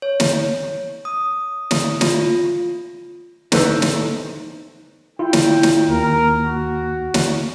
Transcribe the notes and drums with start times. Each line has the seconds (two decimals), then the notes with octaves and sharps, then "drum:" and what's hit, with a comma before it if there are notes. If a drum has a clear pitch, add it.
0.02 C#5
0.20 drum: snare
1.05 D#6
1.71 drum: snare
2.01 F4, drum: snare
3.52 D#4 E4 A4 B4 C5 A5, drum: snare
3.82 drum: snare
5.19 E4 F4 G5
5.33 drum: snare
5.63 drum: snare
5.88 D#2 A#4
6.42 F#4
7.14 drum: snare